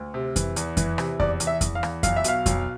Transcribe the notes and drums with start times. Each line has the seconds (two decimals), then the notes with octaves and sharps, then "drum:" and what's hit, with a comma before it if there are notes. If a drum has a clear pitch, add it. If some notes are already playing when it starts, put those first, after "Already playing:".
Already playing: D2
0.14 C3
0.36 E3, drum: kick F2, hi-hat
0.56 E2, drum: hi-hat
0.77 E3, drum: kick F2, hi-hat
0.98 C3, drum: rim click
1.20 E2 D5, drum: kick F2
1.40 E2, drum: hi-hat
1.47 E5
1.61 E2, drum: kick F2, hi-hat
1.75 F5
1.83 E2, drum: rim click
2.03 B1 F5, drum: kick F2, hi-hat
2.16 E5
2.24 B2 F5, drum: hi-hat
2.46 B1, drum: kick F2, hi-hat